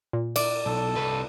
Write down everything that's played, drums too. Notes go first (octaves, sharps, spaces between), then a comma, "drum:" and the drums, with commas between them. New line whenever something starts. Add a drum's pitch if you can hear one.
A#2
D5, drum: cymbal
B1 A4
C2 B4